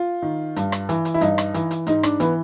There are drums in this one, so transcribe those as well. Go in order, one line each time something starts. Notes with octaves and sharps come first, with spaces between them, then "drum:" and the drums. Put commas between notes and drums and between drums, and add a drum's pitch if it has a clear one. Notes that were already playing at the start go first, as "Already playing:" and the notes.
Already playing: F4
D#3
G2, drum: hi-hat
drum: rim click
E3, drum: hi-hat
drum: hi-hat
E4
G2 D#4, drum: hi-hat
drum: rim click
E3, drum: hi-hat
drum: hi-hat
G#2 D#4, drum: hi-hat
D4, drum: rim click
E3 B3, drum: hi-hat